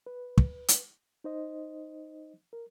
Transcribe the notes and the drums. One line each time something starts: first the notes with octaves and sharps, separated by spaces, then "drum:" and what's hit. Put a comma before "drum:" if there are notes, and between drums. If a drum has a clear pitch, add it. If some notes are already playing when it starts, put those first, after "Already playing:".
B4
drum: kick
drum: hi-hat
D#4 C5 D#5
A#4